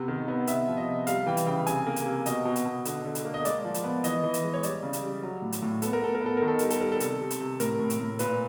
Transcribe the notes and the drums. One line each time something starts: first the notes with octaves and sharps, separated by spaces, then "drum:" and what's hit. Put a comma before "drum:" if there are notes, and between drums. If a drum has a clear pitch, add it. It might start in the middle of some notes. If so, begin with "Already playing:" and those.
Already playing: C3 B3
D#3
B3
C3 E5, drum: hi-hat
F3
D#5
C3
G3 F5, drum: hi-hat
E3 G5
drum: hi-hat
C#3 G5
C3 G#5, drum: hi-hat
A#3
drum: hi-hat
C3
B2 D#5, drum: hi-hat
B2
drum: hi-hat
B2
D3, drum: hi-hat
D3
drum: hi-hat
A#3
D#5
G#3 D5, drum: hi-hat
F3
drum: hi-hat
B3
E3 D#5, drum: hi-hat
E3
drum: hi-hat
G#3
C#5
G3 D5, drum: hi-hat
C#3
drum: hi-hat
G3
F#3
A2
drum: hi-hat
A2
B3 A4, drum: hi-hat
A#4
B3 A4
A#4
B3 A4
D#3 A#4
A4
G3 A#4, drum: hi-hat
A4, drum: hi-hat
G3 A#4
A4
C3, drum: hi-hat
C3
drum: hi-hat
C3
A2 A#4, drum: hi-hat
A2
drum: hi-hat
A2
A#2 B4, drum: hi-hat